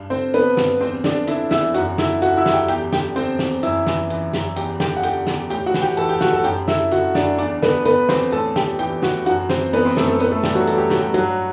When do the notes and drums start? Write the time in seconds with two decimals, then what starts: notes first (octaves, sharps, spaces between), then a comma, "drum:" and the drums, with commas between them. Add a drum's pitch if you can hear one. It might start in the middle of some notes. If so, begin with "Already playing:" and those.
Already playing: G2
0.10 D3 C4 C5
0.34 D3 B3 B4, drum: hi-hat
0.57 G2, drum: snare
0.81 E2 C4 C5
1.04 D3 D4 D5, drum: snare
1.27 D3 E4 E5, drum: hi-hat
1.51 E2 E4 E5, drum: snare
1.74 F#2 F#4 F#5, drum: hi-hat
1.98 D3 E4 E5, drum: snare
2.22 D3 F#4 F#5, drum: hi-hat
2.37 E4 E5
2.46 F#2, drum: snare
2.53 G4 G5
2.68 E2 G4 G5, drum: hi-hat
2.92 D3 G4 G5, drum: snare
3.16 D3 C4 C5, drum: hi-hat
3.39 E2, drum: snare
3.63 F#2 E4 E5, drum: hi-hat
3.86 E3, drum: snare
4.10 E3, drum: hi-hat
4.33 F#2, drum: snare
4.56 E2 G4 G5, drum: hi-hat
4.80 D3 G4 G5, drum: snare
4.97 F#5
5.03 D3 G4 G5, drum: hi-hat
5.27 E2, drum: snare
5.50 A2 G4 G5, drum: hi-hat
5.66 F#4 F#5
5.74 E3, drum: snare
5.82 G4 G5
5.97 E3 A4 A5, drum: hi-hat
6.09 G4 G5
6.21 A2 F#4 F#5, drum: snare
6.33 A4 A5
6.44 F#2 G4 G5, drum: hi-hat
6.68 D3 E4 E5, drum: snare
6.91 D3 F#4 F#5, drum: hi-hat
7.15 F#2 D4 D5, drum: snare
7.38 E2 D4 D5, drum: hi-hat
7.62 D3 B3 B4, drum: snare
7.85 D3 B3 B4, drum: hi-hat
8.09 E2 C4 C5, drum: snare
8.32 A2 A4 A5, drum: hi-hat
8.56 E3 G4 G5, drum: snare
8.79 E3 G4 G5, drum: hi-hat
9.02 A2 F#4 F#5, drum: snare
9.26 F#2 F#4 F#5, drum: hi-hat
9.49 E3 C4 C5, drum: snare
9.73 E3 B3 B4, drum: hi-hat
9.85 C4 C5
9.97 F#2 A3 A4, drum: snare
10.08 A3 A4
10.20 A2 B3 B4, drum: hi-hat
10.32 A3 A4
10.43 E3 G3 G4, drum: snare
10.55 F#3 F#4
10.67 E3 A4, drum: hi-hat
10.78 G4
10.90 A2 F#4, drum: snare
11.01 G3 G4
11.14 G2 F#3 F#4, drum: hi-hat